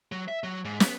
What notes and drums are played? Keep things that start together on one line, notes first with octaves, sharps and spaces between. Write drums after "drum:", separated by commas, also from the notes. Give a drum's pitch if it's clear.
F#3
E5
F#3
G#2
B3, drum: snare